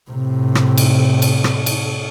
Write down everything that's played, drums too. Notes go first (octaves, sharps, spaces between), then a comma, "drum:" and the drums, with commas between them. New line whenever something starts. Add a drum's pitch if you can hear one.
A2 C3
drum: rim click
drum: cymbal
drum: cymbal
drum: rim click
drum: cymbal